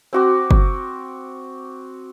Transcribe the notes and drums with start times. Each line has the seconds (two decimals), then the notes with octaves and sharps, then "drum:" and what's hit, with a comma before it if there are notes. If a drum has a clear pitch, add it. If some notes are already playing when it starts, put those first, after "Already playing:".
0.13 C4 F#4 D6
0.51 drum: kick F#1